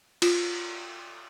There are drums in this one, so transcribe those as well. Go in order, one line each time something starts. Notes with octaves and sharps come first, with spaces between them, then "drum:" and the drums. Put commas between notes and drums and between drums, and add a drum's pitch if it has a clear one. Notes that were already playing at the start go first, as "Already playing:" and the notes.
F4, drum: cymbal